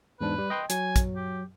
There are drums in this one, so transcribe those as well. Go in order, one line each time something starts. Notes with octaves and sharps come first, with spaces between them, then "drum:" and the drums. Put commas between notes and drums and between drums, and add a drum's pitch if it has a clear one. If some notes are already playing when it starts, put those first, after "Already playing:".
E2 G#2 D4 B4
G3
D#5 G5 C6
F#3 G#5, drum: hi-hat
drum: kick, hi-hat
G4